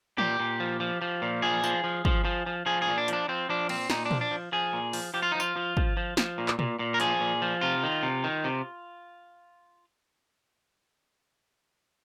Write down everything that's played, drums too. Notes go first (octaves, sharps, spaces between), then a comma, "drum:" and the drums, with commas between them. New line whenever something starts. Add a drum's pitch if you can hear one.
A#2 G4, drum: tom E3
A#2
F3
F3
F3
A#2
F3 G#4
F3, drum: tambourine
F3
F3, drum: kick
F3
F3
F3 G#4
G#4
A#2
D4
F3 D4, drum: hi-hat
F3 C4
F3 D4
A#2 C4, drum: cymbal
A#2 D#4, drum: snare
D4
F3, drum: tom A#2
D4
F3
F3 G#4
A#2
F3, drum: open hi-hat
F3 G4
F4
F3 D#4
F4, drum: tambourine
F3
F3, drum: kick
F3
F3, drum: snare
A#2
drum: clap
A#2, drum: tom A#2
A#2
A#4
F3 G#4, drum: hi-hat
A#2
F3
C3 F4
D#3
C3
D#3
C3